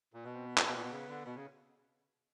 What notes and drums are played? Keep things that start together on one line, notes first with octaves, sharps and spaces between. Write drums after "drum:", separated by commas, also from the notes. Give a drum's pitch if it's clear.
A#2
B2 B3
C4
B3
A#2 B3, drum: clap
B2
A#2
B2
C#3
D3
B2 B3
C#3 C#4